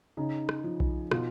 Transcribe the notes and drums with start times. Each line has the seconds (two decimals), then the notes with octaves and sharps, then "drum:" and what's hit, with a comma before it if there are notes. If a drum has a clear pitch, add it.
0.17 C#3 D#4
0.49 drum: rim click
0.64 F3
0.80 drum: kick B1
1.11 B2 F4, drum: rim click